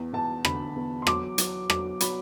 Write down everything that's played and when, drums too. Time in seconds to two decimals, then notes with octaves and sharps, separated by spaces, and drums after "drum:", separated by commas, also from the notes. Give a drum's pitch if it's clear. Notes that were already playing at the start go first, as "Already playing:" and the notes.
Already playing: E2
0.13 E2 A5
0.45 D3 B5, drum: rim click
0.76 E2
1.02 C6
1.07 F#3 D6, drum: rim click
1.38 F#3, drum: hi-hat
1.70 F#3 D6, drum: rim click
2.00 F#3 B5, drum: hi-hat